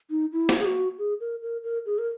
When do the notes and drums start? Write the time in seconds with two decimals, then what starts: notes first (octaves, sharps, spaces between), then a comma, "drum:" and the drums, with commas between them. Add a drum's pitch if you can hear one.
0.10 D#4
0.32 E4
0.49 drum: snare
0.60 G#4
0.66 F#4
0.99 G#4
1.20 A#4
1.42 A#4
1.63 A#4
1.86 G#4
1.98 A#4